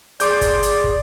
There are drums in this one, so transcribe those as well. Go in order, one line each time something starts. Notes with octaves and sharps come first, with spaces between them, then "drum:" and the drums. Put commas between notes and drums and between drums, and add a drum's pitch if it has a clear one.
G#4 D5 C6 D6 G6, drum: hi-hat
drum: kick, hi-hat
drum: hi-hat
drum: kick